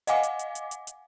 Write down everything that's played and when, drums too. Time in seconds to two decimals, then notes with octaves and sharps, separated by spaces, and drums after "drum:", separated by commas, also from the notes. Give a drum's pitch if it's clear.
0.07 D#5 F5 F#5 G#5 D6, drum: hi-hat
0.23 drum: hi-hat
0.39 drum: hi-hat
0.55 drum: hi-hat
0.71 drum: hi-hat
0.87 drum: hi-hat